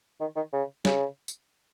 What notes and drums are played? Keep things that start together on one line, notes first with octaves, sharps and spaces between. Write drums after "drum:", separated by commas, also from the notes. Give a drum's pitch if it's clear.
D#3
D#3
C#3
C#3, drum: snare
drum: tambourine